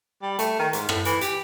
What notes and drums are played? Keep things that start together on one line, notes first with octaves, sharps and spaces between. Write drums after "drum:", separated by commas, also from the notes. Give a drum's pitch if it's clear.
G3
A3, drum: hi-hat
D#3
G#2, drum: hi-hat
A2, drum: rim click
E3, drum: hi-hat
G4, drum: hi-hat